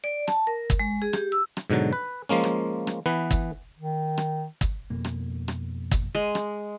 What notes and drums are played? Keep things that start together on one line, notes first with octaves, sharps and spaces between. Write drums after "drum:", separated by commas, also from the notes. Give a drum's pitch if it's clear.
D5
A5, drum: rim click
A#4
drum: kick, hi-hat
G#3
G#4
G4, drum: rim click
E6
drum: rim click
G#2 B2 D3 F#3
B4
F3 G#3 A#3 C#4
drum: rim click
drum: rim click
E3 B3 B4
drum: kick, hi-hat
D#3
drum: rim click
drum: kick, hi-hat
F2 B2 A#3
drum: rim click
drum: rim click
drum: kick, hi-hat
G#3
drum: rim click